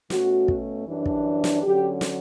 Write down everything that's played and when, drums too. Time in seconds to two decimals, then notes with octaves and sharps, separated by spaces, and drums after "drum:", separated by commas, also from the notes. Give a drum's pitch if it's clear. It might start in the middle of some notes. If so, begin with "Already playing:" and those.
0.10 B2 A3 C#4 F#4, drum: snare
0.48 drum: kick
0.86 F#2 E3 G3 D4
1.06 drum: kick
1.44 drum: snare
1.63 D3 F#3 C#4 G4
2.01 drum: snare